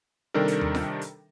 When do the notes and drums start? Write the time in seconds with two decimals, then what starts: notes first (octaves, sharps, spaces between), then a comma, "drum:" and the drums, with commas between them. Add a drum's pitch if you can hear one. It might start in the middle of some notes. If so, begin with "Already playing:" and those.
0.34 C3 D#3 G3 D4 A4 A#4
0.48 drum: hi-hat
0.61 drum: tom D#2
0.75 drum: snare F4
1.01 drum: hi-hat